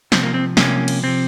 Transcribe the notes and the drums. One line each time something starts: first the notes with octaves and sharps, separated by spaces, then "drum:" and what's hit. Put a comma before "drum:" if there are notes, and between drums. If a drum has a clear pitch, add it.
C3 F3 C4, drum: snare
A#3
C4
C3 F3 A#3 C#4, drum: snare
drum: cymbal
C3 F3 C4